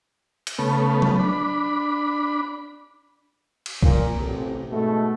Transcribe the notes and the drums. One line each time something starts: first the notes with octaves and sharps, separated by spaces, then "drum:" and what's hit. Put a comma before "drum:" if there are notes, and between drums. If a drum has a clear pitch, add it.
drum: hi-hat
C#3 A3 B3
drum: tom F#3
D4 B5
drum: cymbal
A#2, drum: kick
A1 C3
G#2 B2 A3